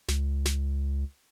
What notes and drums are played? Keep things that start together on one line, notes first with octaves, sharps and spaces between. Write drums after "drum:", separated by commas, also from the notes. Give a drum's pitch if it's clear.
C#2, drum: snare
drum: snare